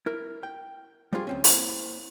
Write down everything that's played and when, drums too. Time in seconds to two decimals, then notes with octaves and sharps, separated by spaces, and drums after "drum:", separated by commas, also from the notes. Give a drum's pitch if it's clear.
0.06 E4 A#4
0.43 G5
1.13 G3 A3 C4 D4 F4 G#4
1.27 D2 C4 C#4
1.44 A#3 E4 G#4 C5 D#5 C6, drum: open hi-hat